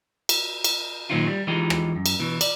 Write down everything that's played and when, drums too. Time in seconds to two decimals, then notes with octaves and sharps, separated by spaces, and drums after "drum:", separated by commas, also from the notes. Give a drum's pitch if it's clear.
0.29 drum: cymbal
0.64 drum: cymbal
1.10 A#2 D#3 F#3 C4 D#4 F4
1.28 G3
1.47 E3 F3 G#3 D#4 G4
1.70 drum: rim click
1.96 F#2
2.06 drum: cymbal
2.19 B2 E3
2.41 D5, drum: cymbal